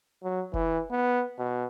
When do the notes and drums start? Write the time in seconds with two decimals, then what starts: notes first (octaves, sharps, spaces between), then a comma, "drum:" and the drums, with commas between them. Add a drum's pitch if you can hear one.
0.23 F#3
0.53 E3, drum: kick F1
0.91 B3
1.39 B2